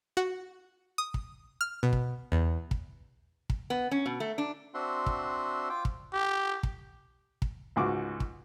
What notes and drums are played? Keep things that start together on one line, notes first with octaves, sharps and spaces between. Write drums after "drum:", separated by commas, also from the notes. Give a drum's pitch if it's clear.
F#4
D#6
drum: kick
F6
B2
drum: kick
E2
drum: kick
drum: kick
B3
C#4
B2
A3
D4
C4 D4 F#4 E5 F#5 C6
drum: kick
F4 G5 D6
drum: kick
G4
drum: kick
drum: kick
C#2 G#2 F#4 D6
drum: kick